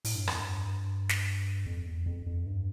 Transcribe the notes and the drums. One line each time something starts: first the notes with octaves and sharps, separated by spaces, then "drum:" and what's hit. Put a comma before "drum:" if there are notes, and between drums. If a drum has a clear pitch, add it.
A2, drum: open hi-hat
G2
F2, drum: rim click
G2
drum: snare
F2
E2
F2
F2
G2